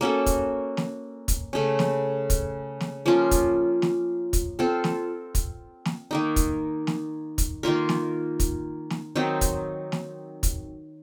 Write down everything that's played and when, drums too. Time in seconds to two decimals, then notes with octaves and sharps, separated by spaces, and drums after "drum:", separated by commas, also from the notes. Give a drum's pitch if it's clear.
0.01 A#3 C#4 F#4 A4
0.26 drum: kick, hi-hat
0.77 drum: snare
1.28 drum: kick, hi-hat
1.53 C#3 A3 C#4
1.79 drum: snare
2.30 drum: kick, hi-hat
2.81 drum: snare
3.06 F3 A#3 C#4 F4
3.31 drum: kick, hi-hat
3.82 drum: snare
4.33 drum: kick, hi-hat
4.59 C4 F4 A4
4.84 drum: snare
5.35 drum: kick, hi-hat
5.85 drum: snare
6.11 D#3 A#3 D#4
6.36 drum: kick, hi-hat
6.87 drum: snare
7.38 drum: kick, hi-hat
7.63 D#3 A#3 F4 A#4
7.89 drum: snare
8.40 drum: kick, hi-hat
8.90 drum: snare
9.15 D#3 F#3 C4 D#4
9.41 drum: kick, hi-hat
9.92 drum: snare
10.43 drum: kick, hi-hat